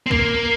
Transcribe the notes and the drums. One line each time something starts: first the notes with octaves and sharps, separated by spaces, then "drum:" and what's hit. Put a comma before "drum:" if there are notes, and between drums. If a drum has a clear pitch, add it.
C4
A#3, drum: kick